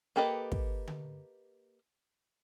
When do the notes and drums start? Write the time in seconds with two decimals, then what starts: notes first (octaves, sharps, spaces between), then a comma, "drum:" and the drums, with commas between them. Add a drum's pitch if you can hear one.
0.16 A#3 G4 A4 B4 D#5
0.52 drum: kick
0.87 drum: tom D3